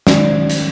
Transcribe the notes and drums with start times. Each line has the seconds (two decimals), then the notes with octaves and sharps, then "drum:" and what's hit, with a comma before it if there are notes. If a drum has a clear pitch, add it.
0.07 D#3 G#3 C#4 D5, drum: snare
0.50 drum: hi-hat